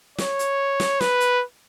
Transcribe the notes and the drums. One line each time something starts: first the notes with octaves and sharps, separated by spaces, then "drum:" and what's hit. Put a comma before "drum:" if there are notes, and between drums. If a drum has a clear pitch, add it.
C#5, drum: snare
drum: hi-hat
drum: snare
B4, drum: snare
drum: hi-hat